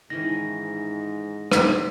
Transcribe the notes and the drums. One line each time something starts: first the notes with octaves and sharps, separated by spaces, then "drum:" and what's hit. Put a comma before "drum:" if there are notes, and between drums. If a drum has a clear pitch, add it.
G#2 D#3 E3 C#4 A#6
drum: rim click